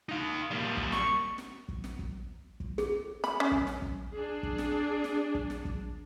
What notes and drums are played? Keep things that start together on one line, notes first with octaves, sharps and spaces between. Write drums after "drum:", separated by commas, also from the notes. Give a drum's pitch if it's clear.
D#4 F5
G3 A#3
drum: kick
C#6, drum: snare
drum: snare
drum: kick
drum: snare
drum: kick
drum: kick
G#4, drum: snare
B5, drum: snare
C#4
drum: kick
drum: snare
drum: kick
D4 G#4
drum: kick
drum: snare
drum: snare
drum: kick
drum: snare
drum: kick